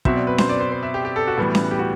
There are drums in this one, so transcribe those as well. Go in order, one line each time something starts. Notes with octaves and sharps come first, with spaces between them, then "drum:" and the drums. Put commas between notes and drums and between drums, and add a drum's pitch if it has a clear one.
B2 F#3 C4 E5, drum: kick
D5
B4
C5, drum: snare C#4
D5
C5
C5
E5
G4
G4
A4
F#4
A2 E3 G3 B3
drum: snare C#4
G4
F#4